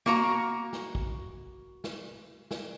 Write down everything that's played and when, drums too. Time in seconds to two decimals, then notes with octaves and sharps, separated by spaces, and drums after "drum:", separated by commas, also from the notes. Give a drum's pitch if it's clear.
0.06 A#3 F#4 A#5, drum: snare
0.73 drum: snare
0.95 drum: kick
1.84 drum: snare
2.51 drum: snare